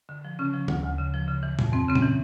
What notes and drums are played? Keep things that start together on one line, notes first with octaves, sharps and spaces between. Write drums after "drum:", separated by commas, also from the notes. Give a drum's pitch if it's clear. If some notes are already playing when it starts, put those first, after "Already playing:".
D3
F3
C#3 C#4
F3
D2, drum: tom
D2
C#3
F3
C#3
E3
F2, drum: tom A#2
F2 C4
C#3 C4
C#4, drum: tom A#2
E3